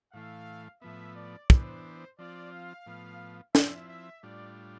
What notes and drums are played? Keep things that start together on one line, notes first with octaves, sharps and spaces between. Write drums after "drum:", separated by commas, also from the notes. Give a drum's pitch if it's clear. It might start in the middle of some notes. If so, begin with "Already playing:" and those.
A2 E3 A3 F5
A2 F3 B3 E5
D5
E3 B3 D4 C5, drum: kick
F3 C4 F4 D5
F5
A2 F3 B3
F3 C4 E4 E5, drum: snare
E5
A2 G3 D4 F4 D5